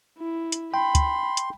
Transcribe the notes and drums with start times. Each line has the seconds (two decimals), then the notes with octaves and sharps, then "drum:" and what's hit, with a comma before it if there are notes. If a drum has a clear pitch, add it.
0.19 E4
0.52 drum: hi-hat
0.74 G5 B5 C6
0.95 drum: kick, hi-hat
1.37 drum: hi-hat